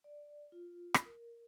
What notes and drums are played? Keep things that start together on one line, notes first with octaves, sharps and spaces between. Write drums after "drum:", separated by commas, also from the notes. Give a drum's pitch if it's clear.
D5
F4
drum: rim click
A#4